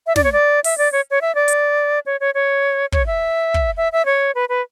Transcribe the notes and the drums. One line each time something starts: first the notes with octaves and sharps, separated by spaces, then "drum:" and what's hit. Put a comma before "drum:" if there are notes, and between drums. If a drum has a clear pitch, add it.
E5
D5, drum: snare
C#5
D5
E5, drum: open hi-hat
D5
C#5
C#5
E5
D5
drum: hi-hat
C#5
C#5
C#5
C#5, drum: kick
E5
drum: kick
E5
E5
C#5
B4
B4